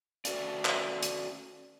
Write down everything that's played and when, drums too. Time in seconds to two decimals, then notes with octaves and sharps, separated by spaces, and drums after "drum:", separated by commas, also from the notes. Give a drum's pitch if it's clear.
0.25 C#4 F#4 A4 D5, drum: hi-hat
0.65 drum: clap
1.03 drum: hi-hat